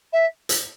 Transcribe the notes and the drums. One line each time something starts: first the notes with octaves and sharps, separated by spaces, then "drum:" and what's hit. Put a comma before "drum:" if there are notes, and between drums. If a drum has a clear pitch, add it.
E5
drum: hi-hat